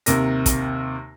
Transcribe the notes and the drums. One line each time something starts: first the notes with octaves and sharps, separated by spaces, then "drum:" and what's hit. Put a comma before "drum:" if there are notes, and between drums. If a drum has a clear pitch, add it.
D#2 C3 A#4 A#6, drum: hi-hat
drum: kick, hi-hat